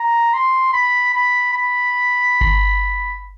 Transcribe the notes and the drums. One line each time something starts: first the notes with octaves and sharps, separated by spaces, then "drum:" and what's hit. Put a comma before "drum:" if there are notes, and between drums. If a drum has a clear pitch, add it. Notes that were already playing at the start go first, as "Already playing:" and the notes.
Already playing: A#5
C6
B5
B5
B5
drum: kick G1